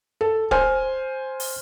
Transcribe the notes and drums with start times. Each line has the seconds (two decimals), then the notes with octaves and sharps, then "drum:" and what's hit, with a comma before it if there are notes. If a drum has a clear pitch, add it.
0.21 A4
0.51 C5 G#5 F6, drum: kick
1.40 drum: open hi-hat